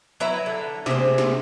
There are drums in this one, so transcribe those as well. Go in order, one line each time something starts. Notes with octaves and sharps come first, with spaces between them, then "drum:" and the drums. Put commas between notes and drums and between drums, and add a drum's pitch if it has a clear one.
F#3 E4 B4 A#5
D3
C3 G#4 C5, drum: snare
drum: snare